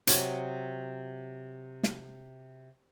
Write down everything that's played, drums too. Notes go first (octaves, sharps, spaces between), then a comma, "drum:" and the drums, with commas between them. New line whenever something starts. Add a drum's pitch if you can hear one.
C3 F#3 D#5 G#5, drum: hi-hat
drum: snare